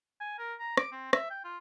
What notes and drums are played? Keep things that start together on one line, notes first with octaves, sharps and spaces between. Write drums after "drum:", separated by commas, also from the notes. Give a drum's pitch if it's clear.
G#5
A#4
A#5
D6, drum: rim click
C4
E5, drum: rim click
G5
F4